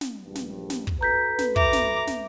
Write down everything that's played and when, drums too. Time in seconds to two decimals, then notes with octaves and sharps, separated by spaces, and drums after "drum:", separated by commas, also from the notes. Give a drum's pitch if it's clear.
0.01 drum: snare
0.24 A#1 G2
0.35 drum: snare
0.70 drum: snare
0.87 drum: kick
1.01 F#4 A4 B4 A#5 G6 B6
1.39 drum: snare
1.56 E5 A#5 D6, drum: kick
1.73 drum: snare
2.07 drum: snare